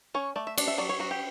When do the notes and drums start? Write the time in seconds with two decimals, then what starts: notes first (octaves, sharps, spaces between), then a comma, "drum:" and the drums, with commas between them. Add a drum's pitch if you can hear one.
0.14 C#4 C#5
0.36 A3 D5
0.47 E5
0.58 D4 D5, drum: cymbal
0.68 E5
0.78 F#3 D5
0.89 C#5
0.99 F#3 F#4
1.11 G4